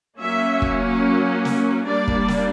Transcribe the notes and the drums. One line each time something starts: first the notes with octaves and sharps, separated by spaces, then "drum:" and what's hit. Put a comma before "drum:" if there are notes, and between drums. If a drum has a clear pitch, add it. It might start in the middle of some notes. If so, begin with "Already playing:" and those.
F#3 A#3 C#4 E5
drum: kick
drum: snare
G3 A#3 D4 D5
drum: kick
drum: snare